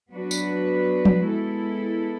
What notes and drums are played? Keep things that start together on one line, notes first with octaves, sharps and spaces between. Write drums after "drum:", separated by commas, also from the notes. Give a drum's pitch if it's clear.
F#3 B3 D4 F#4 B4
drum: tambourine
drum: tom F3
G#3 B3 E4 A4